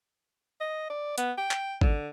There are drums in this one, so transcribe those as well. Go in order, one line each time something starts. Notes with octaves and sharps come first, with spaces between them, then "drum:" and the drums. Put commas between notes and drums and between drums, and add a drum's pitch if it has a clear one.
D#5
D5
B3, drum: hi-hat
G5
drum: clap
D3, drum: kick G#1